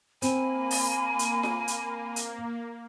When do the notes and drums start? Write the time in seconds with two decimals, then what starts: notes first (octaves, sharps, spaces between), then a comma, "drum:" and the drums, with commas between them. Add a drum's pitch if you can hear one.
0.22 A#3 C4 G#5 B5, drum: hi-hat
0.71 drum: open hi-hat
1.19 drum: hi-hat
1.43 drum: snare F4
1.68 drum: hi-hat
2.16 drum: hi-hat